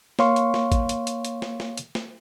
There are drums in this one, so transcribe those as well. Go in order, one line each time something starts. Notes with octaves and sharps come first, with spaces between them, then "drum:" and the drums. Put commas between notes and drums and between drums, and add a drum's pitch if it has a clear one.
A#3 C#5 F5 C6 C#6, drum: snare
drum: hi-hat
drum: snare
drum: kick, hi-hat
drum: hi-hat
drum: hi-hat
drum: hi-hat
drum: snare
drum: snare
drum: hi-hat
drum: snare